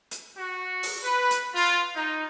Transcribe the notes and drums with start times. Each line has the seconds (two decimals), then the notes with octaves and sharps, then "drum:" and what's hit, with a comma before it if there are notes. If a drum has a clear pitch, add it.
0.11 drum: hi-hat
0.37 F#4
0.83 drum: open hi-hat
1.04 B4
1.31 drum: hi-hat
1.55 F4
1.96 D#4